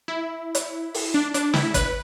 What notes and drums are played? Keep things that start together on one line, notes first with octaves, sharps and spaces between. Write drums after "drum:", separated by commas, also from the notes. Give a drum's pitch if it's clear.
E4
drum: hi-hat
drum: open hi-hat
D4
D4, drum: hi-hat
E4, drum: snare
B4, drum: kick, hi-hat